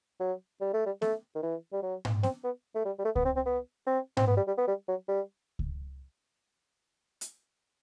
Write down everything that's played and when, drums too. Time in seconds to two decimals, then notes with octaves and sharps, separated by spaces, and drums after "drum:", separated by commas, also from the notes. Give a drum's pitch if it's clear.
0.20 F#3
0.61 G3
0.74 A3
0.86 G3
1.02 A3, drum: snare B3
1.35 D#3
1.43 E3
1.73 G3
1.83 F#3
2.05 drum: tom G#2
2.23 C4, drum: snare B3
2.44 B3
2.75 A3
2.85 G3
2.99 G3
3.05 A3
3.16 B3, drum: kick C#2
3.25 C4
3.36 C4
3.46 B3
3.87 C4
4.17 C4, drum: tom G#2
4.27 B3
4.37 G3
4.48 G3
4.58 B3
4.68 G3
4.89 F#3
5.08 G3
5.59 drum: kick C#2
7.21 drum: hi-hat